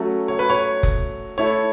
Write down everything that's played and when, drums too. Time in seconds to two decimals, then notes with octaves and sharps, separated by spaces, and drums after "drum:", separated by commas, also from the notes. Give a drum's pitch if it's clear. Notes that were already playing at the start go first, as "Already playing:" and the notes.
Already playing: F#3 A3 C#4
0.28 C#5
0.39 B4
0.50 C#5
0.83 drum: kick F1
1.38 A3 E4 A4 C#5